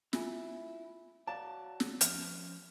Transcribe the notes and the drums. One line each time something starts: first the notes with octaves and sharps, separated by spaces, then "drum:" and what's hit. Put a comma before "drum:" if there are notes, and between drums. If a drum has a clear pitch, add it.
E4 F4 G#5 B5, drum: snare
F#4 C#5 D5 F5 A5
drum: snare
F3 C#4 F6, drum: hi-hat